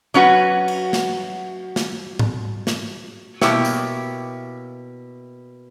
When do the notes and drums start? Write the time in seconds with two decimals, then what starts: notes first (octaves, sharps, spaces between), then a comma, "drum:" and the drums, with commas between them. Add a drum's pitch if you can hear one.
0.14 F#3 C#4 F#4 B4
0.68 drum: cymbal
0.93 drum: snare
1.76 drum: snare
2.19 drum: tom G#2
2.67 drum: snare
3.41 B2 A#3 E4 G4 C#5, drum: snare
3.65 drum: tambourine